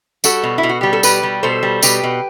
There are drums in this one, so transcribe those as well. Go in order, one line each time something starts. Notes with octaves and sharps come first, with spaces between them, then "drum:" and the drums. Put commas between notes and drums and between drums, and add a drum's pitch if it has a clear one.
G3 F#4 A4, drum: tambourine
B2
E4
B2
F#4
G3 G4
A4
B2 G4 B4, drum: tambourine
G3
B2 A4 C5
G3
B2 G4 B4, drum: tambourine
B2